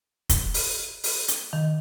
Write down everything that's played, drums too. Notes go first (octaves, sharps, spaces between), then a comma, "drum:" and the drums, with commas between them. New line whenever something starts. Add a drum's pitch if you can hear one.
drum: kick, hi-hat
drum: open hi-hat
drum: open hi-hat
drum: hi-hat
D#3